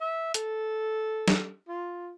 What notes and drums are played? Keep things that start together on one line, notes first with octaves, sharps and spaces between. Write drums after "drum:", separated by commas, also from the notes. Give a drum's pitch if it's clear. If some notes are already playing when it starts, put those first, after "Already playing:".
E5
A4, drum: hi-hat
drum: snare
F4